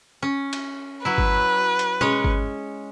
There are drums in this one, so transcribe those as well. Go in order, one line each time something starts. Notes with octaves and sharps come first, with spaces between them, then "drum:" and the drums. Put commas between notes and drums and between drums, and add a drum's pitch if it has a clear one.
C#4
drum: cymbal
F#3 E4 B4
drum: kick G#1
drum: hi-hat
G#3 C#4 C#5, drum: tom B2
drum: kick G#1